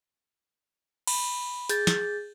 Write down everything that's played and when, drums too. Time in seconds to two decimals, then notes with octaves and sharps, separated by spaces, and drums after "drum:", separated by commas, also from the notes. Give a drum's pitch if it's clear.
1.07 B5, drum: cymbal
1.69 G#4 G6 A6, drum: hi-hat
1.87 drum: snare